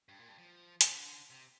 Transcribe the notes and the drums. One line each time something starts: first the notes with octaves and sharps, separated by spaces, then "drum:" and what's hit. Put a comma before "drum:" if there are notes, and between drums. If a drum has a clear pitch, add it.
G2
A#2
G2
F3
C3, drum: hi-hat
D3
C3